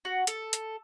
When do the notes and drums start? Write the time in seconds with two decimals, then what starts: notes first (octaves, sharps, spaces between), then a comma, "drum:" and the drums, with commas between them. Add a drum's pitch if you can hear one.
0.05 F#4
0.27 A4, drum: hi-hat
0.53 drum: hi-hat